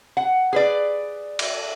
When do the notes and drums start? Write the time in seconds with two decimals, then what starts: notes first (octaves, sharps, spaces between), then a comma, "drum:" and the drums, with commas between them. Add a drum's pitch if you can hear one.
0.17 F#5
0.53 G#4 B4 D5
1.39 drum: cymbal